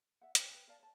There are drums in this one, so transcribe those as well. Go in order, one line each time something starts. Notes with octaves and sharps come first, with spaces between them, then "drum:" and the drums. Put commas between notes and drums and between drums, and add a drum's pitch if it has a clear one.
E5 F#5
C#5 D5 G5 G#5, drum: hi-hat
B4 G5
A#4 D5 F5 A5
C#5 A5